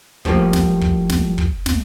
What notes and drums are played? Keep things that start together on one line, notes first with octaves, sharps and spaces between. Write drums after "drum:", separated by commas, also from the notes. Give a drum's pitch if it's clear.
A2 F3 G3 A#3, drum: kick
drum: snare
drum: kick
drum: snare
drum: kick
drum: snare